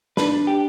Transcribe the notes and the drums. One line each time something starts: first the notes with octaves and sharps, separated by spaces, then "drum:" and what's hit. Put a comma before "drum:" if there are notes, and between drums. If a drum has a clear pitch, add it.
D4 B4, drum: snare
G4